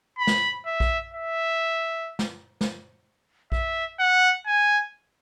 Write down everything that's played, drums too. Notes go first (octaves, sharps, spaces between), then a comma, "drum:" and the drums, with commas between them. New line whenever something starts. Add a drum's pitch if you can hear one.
B5
drum: snare
E5
drum: kick A#1
E5
drum: snare
drum: snare
E5, drum: kick A#1
F#5
G#5